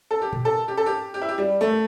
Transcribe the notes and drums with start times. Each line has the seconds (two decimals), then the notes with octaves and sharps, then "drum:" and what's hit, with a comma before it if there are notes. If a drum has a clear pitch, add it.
0.11 A4
0.22 G4
0.33 drum: tom A#2
0.45 A4
0.68 G4
0.77 A4
0.86 G4
1.14 G4
1.22 E4
1.29 G4
1.38 G3
1.61 A3